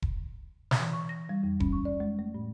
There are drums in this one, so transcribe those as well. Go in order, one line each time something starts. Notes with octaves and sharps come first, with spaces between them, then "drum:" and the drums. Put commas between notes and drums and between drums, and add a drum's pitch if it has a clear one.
drum: kick E1
drum: snare
E3
C#6
A#6
G3
F2
C#4, drum: kick E1
C#6
D5
G#3
A3
A2